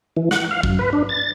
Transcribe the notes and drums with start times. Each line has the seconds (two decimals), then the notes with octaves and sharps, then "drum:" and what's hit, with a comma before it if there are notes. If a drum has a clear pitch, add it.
0.17 E3
0.31 F#5, drum: snare
0.51 F5
0.63 F#2, drum: kick
0.79 B4
0.93 D4
1.09 A6